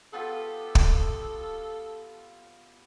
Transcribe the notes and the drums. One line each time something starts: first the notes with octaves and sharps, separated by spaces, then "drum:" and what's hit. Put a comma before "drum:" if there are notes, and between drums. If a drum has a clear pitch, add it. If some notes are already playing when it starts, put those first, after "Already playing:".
B3 F4 G4 A4
drum: kick